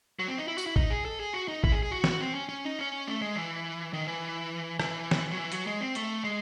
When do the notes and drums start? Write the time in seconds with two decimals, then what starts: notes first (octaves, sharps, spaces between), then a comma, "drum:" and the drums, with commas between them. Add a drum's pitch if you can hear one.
0.19 F#3
0.28 C4
0.38 D#4
0.48 E4
0.58 F#4, drum: tambourine
0.66 E4
0.76 D#4, drum: kick A1
0.90 G#4
1.05 A4
1.20 G#4
1.34 F#4
1.48 D#4
1.64 E4, drum: kick A1
1.72 G#4
1.82 G#4
1.91 F#4
2.04 drum: snare
2.20 C4
2.35 C#4
2.49 C#4
2.65 D#4
2.79 C#4
3.07 A3
3.22 G#3
3.36 E3
3.93 D#3
4.07 E3
4.80 E3, drum: rim click
5.11 drum: snare
5.31 F#3
5.38 E3
5.52 F#3, drum: hi-hat
5.67 G#3
5.81 C4
5.95 A3, drum: hi-hat
6.24 G#3